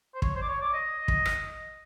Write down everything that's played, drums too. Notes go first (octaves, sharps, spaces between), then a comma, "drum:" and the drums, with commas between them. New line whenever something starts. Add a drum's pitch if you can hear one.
C5
C#5, drum: kick
C5
D5
C#5
D5
D#5
drum: kick
drum: rim click